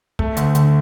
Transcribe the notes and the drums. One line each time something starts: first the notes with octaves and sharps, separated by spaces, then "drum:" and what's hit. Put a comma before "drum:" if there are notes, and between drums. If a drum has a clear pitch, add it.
A3, drum: kick
D2, drum: hi-hat
D3, drum: hi-hat